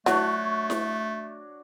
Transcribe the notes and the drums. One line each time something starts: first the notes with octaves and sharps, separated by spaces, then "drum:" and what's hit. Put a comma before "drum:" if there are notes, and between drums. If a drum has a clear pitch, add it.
F#3 A3 D4 F#4 C#5, drum: snare E4
drum: snare E4